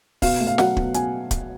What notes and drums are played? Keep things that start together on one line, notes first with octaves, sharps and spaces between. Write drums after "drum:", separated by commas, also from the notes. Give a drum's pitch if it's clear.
B2 F5, drum: kick, open hi-hat
A3
F5
F#3 F#5, drum: snare
B2, drum: kick
B2 G#5, drum: hi-hat
drum: kick, hi-hat